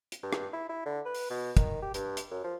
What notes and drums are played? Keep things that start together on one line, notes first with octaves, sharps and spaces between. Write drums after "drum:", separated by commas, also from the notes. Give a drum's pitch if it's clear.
drum: hi-hat
G2
drum: rim click
E4
E4
D3
B4
drum: open hi-hat
B2
D#3, drum: kick, hi-hat
G4
G2, drum: hi-hat
drum: hi-hat
F#2
F3